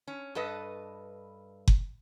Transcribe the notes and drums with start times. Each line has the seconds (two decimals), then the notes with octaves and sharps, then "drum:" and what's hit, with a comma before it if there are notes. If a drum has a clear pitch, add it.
0.07 C#4
0.35 G2 A4 B4 D#5
1.68 drum: kick F#1